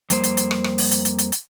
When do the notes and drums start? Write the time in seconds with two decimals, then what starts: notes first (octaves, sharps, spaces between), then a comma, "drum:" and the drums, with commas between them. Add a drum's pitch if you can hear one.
0.10 F2 G3 A#3 C5, drum: hi-hat
0.24 drum: hi-hat
0.37 drum: hi-hat
0.51 drum: rim click
0.64 drum: rim click
0.78 drum: open hi-hat
0.91 drum: hi-hat
1.05 drum: hi-hat
1.19 drum: hi-hat
1.32 drum: hi-hat